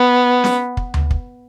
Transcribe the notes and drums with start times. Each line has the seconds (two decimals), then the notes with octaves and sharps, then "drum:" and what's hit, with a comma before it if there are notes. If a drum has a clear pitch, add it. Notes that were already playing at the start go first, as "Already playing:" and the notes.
Already playing: B3
0.44 drum: snare C#4
0.77 drum: kick
0.94 drum: tom D2
1.11 drum: kick